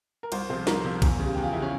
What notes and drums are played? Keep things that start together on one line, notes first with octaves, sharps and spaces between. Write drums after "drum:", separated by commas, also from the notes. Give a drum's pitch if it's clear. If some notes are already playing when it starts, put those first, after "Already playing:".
A#4
C2 C5, drum: cymbal
C3 F3 C5
C2 A#4, drum: snare
C3 F3
E2, drum: kick B1, cymbal
C#3 G3
E2 G4
F4
C#3 G3 E4
C#4